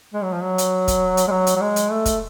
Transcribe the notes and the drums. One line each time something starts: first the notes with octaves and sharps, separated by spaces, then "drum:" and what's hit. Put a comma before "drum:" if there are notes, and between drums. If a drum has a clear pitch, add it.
G#3
F#3
F3
F#3
drum: hi-hat
drum: kick, hi-hat
drum: hi-hat
G#3
F#3
drum: hi-hat
F#3
G#3
drum: hi-hat
A3
drum: kick, hi-hat